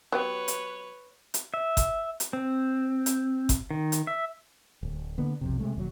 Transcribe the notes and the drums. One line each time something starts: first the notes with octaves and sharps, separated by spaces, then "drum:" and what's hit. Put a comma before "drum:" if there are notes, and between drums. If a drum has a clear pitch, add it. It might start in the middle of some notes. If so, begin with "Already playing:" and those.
F#3 B3 G4 B4 C#5
drum: hi-hat
drum: hi-hat
E5
drum: kick F#1, hi-hat
drum: hi-hat
C4
drum: hi-hat
drum: kick F#1, hi-hat
D#3
drum: hi-hat
E5
D1
D3 A#3 B3
B1 F2 C3
C3 G#3 A3
E1 D#2 A#2 F#3